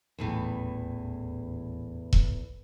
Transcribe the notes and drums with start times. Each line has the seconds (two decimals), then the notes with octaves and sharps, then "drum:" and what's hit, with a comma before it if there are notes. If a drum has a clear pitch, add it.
0.18 D#1 A1 E2 A2 E3
2.13 drum: kick E1